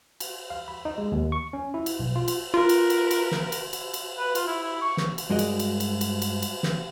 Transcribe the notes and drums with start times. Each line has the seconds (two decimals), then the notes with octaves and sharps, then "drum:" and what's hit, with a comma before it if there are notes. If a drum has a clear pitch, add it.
0.20 drum: cymbal
0.50 F5
0.68 B5
0.85 D#4
0.98 G#3
1.12 D#2
1.32 C#6
1.53 C#4
1.74 E4
1.86 drum: cymbal
1.99 B1
2.16 F4
2.28 drum: cymbal
2.54 F4 A#4 B4
2.69 drum: cymbal
2.90 drum: cymbal
3.11 drum: cymbal
3.31 drum: snare
3.52 drum: cymbal
3.73 drum: cymbal
3.94 drum: cymbal
4.18 B4
4.35 F4, drum: cymbal
4.47 E4
4.63 E4
4.82 C#6
4.97 drum: snare
5.18 drum: cymbal
5.30 G2 G#3 F#4 A#4 D#5
5.39 drum: cymbal
5.59 drum: cymbal
5.80 drum: cymbal
6.01 drum: cymbal
6.22 drum: cymbal
6.42 drum: cymbal
6.63 drum: snare